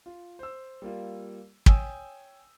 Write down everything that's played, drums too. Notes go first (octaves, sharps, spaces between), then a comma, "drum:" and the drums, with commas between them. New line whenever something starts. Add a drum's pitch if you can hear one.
F4
C5 E6
G3 A#3 F4
C#5 G5 G#5 D#6 E6 G6, drum: kick